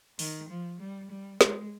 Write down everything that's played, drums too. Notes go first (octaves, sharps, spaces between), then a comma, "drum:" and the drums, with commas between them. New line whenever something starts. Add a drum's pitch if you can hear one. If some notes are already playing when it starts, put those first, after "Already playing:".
D#3, drum: open hi-hat
F3
G3
G3
G#3, drum: snare